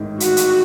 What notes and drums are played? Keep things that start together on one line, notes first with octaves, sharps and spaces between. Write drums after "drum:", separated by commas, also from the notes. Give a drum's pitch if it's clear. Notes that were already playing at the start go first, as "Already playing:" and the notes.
Already playing: A1 G#2 D#3
F#4, drum: hi-hat
drum: hi-hat